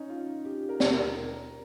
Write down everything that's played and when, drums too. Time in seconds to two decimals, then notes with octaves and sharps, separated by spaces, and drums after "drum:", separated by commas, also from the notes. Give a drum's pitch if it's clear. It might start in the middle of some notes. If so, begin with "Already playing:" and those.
Already playing: C#4 D#4
0.10 F4
0.45 G4
0.69 A#4
0.80 drum: snare
0.92 A#4
1.16 A#4